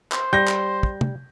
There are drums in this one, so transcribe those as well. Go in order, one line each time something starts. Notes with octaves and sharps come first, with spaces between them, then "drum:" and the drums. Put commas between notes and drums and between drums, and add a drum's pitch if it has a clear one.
C5, drum: clap
G3 G6 A#6
drum: clap
drum: kick
drum: tom C3